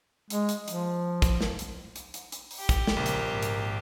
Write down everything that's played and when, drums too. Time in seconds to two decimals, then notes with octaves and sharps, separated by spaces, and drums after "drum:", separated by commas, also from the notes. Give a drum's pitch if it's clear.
0.30 G#3, drum: hi-hat
0.49 drum: hi-hat
0.68 F3, drum: hi-hat
1.22 drum: kick, hi-hat
1.41 drum: snare
1.59 drum: hi-hat
1.96 drum: hi-hat
2.14 drum: hi-hat
2.32 drum: hi-hat
2.51 drum: open hi-hat
2.60 G4
2.69 drum: kick, hi-hat
2.87 drum: snare
2.97 A#1 C#3 A#4
3.06 drum: hi-hat
3.29 G#1
3.42 drum: hi-hat